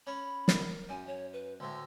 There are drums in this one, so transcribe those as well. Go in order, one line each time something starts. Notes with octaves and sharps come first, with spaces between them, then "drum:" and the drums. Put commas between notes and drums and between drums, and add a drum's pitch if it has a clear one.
C#4 B5
A#4, drum: snare
F#2 G#5
C#5
B4
D2 A2 C6